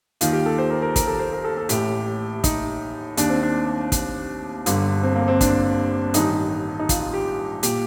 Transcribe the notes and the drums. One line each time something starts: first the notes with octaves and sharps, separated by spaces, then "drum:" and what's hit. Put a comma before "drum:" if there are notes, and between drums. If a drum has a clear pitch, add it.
D#2 D#3 F4, drum: hi-hat
G4
A4
C5
A#4
A#4
A#4, drum: kick, hi-hat
A4
C5
A#4
A4
A4
A1 A2 G4, drum: hi-hat
D#4, drum: kick, hi-hat
D#2 D#3 D4, drum: hi-hat
C4
D4
drum: kick, hi-hat
G1 G2 D3, drum: hi-hat
C4
A#3
C4
D4, drum: kick, hi-hat
A1 G2 D#3 D#4, drum: hi-hat
D#4
F4, drum: kick, hi-hat
F4
G4
A#2 G4, drum: hi-hat